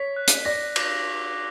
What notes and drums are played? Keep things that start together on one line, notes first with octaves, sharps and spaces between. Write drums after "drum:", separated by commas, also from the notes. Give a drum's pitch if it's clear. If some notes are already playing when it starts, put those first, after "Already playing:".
Already playing: C#5 B6
F#6
drum: hi-hat
D5 A#6
D6, drum: cymbal